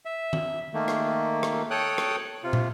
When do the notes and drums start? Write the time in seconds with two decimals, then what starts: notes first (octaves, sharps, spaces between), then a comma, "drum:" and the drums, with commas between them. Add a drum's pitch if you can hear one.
0.05 E5
0.33 drum: tom D#3
0.74 D#3 A3 A#3
0.88 drum: rim click
1.43 drum: rim click
1.70 A4 C#5 G5 D#6 F#6
1.98 drum: rim click
2.44 C3 F4
2.53 drum: tom